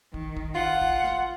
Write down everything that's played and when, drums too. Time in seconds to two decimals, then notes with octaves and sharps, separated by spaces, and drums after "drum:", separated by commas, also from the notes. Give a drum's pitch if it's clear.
0.14 D#3, drum: kick
0.37 drum: kick
0.55 F4 F#5
0.81 drum: kick
1.04 drum: snare